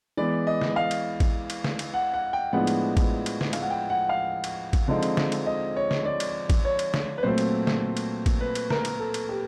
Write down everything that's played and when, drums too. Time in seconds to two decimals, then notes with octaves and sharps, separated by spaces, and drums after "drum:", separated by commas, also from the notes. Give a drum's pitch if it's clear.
0.17 E3 G#3 B3 D5
0.47 D#5
0.61 drum: snare
0.76 F5
0.91 drum: cymbal
1.20 drum: kick A1, cymbal
1.50 drum: cymbal
1.64 drum: snare
1.79 drum: cymbal
1.94 F#5
2.14 F#5
2.33 G5
2.53 A2 F3 G#3 B3 D4 F#5
2.67 drum: cymbal
2.97 drum: kick A1, cymbal
3.26 drum: cymbal
3.41 drum: snare
3.53 F5, drum: cymbal
3.62 F#5
3.70 G5
3.90 F#5
4.09 F5
4.44 drum: cymbal
4.73 drum: kick A1, cymbal
4.88 D3 F3 G#3 C4 D#4
5.03 drum: cymbal
5.17 drum: snare
5.32 drum: cymbal
5.47 D#5
5.76 C#5
5.91 drum: snare
6.05 D5
6.20 drum: cymbal
6.50 drum: kick A1, cymbal
6.65 C#5
6.79 drum: cymbal
6.94 drum: snare
7.18 B4
7.23 A#2 F#3 A3 C4 C5
7.38 drum: cymbal
7.67 drum: snare
7.97 drum: cymbal
8.26 drum: kick A1, cymbal
8.41 B4
8.55 drum: cymbal
8.70 A#4, drum: snare
8.85 drum: cymbal
8.99 A4
9.14 drum: cymbal
9.29 G4